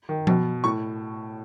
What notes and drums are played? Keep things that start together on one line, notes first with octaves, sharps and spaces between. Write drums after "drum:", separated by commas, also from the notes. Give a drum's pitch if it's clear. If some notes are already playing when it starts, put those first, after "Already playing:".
D#3
B2, drum: tom F3
A2 C#6